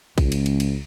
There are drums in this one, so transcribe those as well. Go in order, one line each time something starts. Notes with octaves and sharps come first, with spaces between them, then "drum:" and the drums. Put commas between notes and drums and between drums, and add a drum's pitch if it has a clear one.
C#2, drum: kick A#1, cymbal
drum: cymbal
drum: cymbal
drum: cymbal